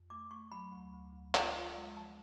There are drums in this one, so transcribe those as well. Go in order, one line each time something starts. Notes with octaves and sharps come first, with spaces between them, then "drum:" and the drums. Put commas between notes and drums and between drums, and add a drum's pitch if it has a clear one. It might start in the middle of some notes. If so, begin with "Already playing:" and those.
Already playing: F2
A3 D6
A3 C#6
F#3 B5
D2
D2
D2
F4, drum: clap
F4
G#3
F3 A5